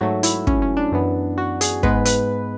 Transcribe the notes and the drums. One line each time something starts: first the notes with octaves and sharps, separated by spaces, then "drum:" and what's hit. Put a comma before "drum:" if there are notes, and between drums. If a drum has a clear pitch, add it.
G#2 F#3 A3 F#4
E4, drum: hi-hat
C#4, drum: kick
C#4
D4
F#2 E3 B3
F#4
G#4, drum: hi-hat
G#2 G#3 B3 B4, drum: kick
B4, drum: hi-hat